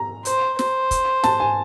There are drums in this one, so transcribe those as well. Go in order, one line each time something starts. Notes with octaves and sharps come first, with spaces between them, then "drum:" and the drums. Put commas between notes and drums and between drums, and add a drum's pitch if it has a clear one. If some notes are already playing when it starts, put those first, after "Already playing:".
Already playing: A#5
C5, drum: hi-hat
C5, drum: snare
drum: kick, hi-hat
A5, drum: snare
G#5